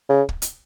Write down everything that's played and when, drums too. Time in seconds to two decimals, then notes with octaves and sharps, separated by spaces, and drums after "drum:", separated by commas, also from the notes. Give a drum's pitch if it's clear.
0.09 C#3
0.29 drum: kick
0.42 drum: hi-hat